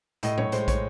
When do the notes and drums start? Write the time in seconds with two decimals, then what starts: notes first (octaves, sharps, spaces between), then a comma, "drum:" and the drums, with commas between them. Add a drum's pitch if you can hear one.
0.23 A2 D#5, drum: hi-hat
0.38 C#5, drum: tom A#2
0.52 G#3 C5, drum: hi-hat
0.68 C#5, drum: kick, hi-hat